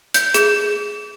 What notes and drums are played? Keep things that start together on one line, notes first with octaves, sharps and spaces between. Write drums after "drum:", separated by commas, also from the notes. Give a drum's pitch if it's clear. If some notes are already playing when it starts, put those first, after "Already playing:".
G6, drum: hi-hat
G#4, drum: hi-hat